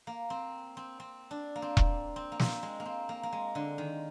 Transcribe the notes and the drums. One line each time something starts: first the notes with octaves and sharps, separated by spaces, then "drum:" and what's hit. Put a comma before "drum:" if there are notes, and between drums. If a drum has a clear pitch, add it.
A#3
C4
C4
C4
D4
A#3
C4
drum: kick E1
C4
A#3
C4, drum: snare
G#3
A#3
C4
A#3
A#3
G#3
D3
D#3